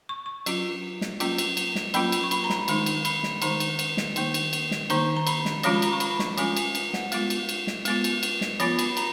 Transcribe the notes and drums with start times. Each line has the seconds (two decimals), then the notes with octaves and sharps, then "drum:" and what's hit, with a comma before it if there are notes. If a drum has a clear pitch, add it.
0.09 C#6
0.26 C#6
0.46 F#3 C#4 F4, drum: cymbal
1.01 drum: snare
1.20 F#3 A#3 C#4 F4, drum: cymbal
1.38 drum: cymbal
1.57 drum: cymbal
1.75 drum: snare
1.94 F#3 A#3 C#4 F4 B5, drum: cymbal
2.12 drum: cymbal
2.23 C#6
2.31 B5, drum: cymbal
2.44 A#5
2.50 B5, drum: snare
2.68 D#3 G#3 D#4, drum: cymbal
2.86 drum: cymbal
3.05 B5, drum: cymbal
3.23 drum: snare
3.42 D#3 G#3 D#4 A#5, drum: cymbal
3.60 drum: cymbal
3.79 drum: cymbal
3.97 drum: snare
4.16 D#3 A#3 D#4, drum: cymbal
4.34 drum: cymbal
4.53 drum: cymbal
4.71 drum: snare
4.90 D#3 A#3 D#4 A#5, drum: cymbal
5.16 A#5
5.27 B5, drum: cymbal
5.45 drum: snare
5.63 F3 G#3 C#4 F4 B5, drum: cymbal
5.75 B5
5.82 A#5, drum: cymbal
5.93 C#6
6.00 B5, drum: cymbal
6.19 C#6, drum: snare
6.38 F3 G#3 C#4 F4 G#5, drum: cymbal
6.57 G#5, drum: cymbal
6.75 drum: cymbal
6.93 F#5, drum: snare
7.12 G#3 B3 F4, drum: cymbal
7.30 drum: cymbal
7.49 drum: cymbal
7.67 drum: snare
7.85 G#3 B3 F4, drum: cymbal
8.04 drum: cymbal
8.23 drum: cymbal
8.41 drum: snare
8.60 F3 B3 F4 B5, drum: cymbal
8.79 B5, drum: cymbal
8.97 A#5, drum: cymbal